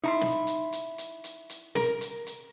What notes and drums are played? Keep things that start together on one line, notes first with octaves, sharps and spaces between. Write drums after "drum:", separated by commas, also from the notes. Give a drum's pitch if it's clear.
D#4 E4 A#5 C6
drum: snare
drum: hi-hat
drum: hi-hat
drum: hi-hat
drum: hi-hat
drum: hi-hat
A#4, drum: snare
drum: hi-hat
drum: hi-hat